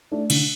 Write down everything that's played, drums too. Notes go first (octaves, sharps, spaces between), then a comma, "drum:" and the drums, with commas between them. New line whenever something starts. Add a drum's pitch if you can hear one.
A3 D4
D3, drum: cymbal